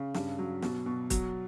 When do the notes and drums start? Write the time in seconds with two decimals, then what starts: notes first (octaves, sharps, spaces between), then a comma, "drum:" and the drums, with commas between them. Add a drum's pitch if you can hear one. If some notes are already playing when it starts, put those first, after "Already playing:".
Already playing: C#3
0.14 G2, drum: snare
0.39 F#3
0.62 B2, drum: snare
0.86 B2
1.10 F#3, drum: kick, hi-hat